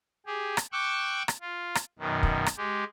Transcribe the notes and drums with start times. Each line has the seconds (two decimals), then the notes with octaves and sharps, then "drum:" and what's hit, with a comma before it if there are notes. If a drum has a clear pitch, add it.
0.26 G4 G#4
0.57 drum: rim click
0.72 G5 C#6 D6 E6 F#6
1.28 drum: rim click
1.41 F4
1.75 drum: rim click
1.99 F#2 B2 D#3
2.23 drum: kick
2.46 drum: rim click
2.57 G#3 G4